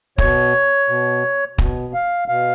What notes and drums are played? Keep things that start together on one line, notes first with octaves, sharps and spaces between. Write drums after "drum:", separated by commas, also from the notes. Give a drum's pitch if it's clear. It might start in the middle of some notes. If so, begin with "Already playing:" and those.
B2 C#5, drum: kick
B2
B2, drum: kick
F5
B2 F5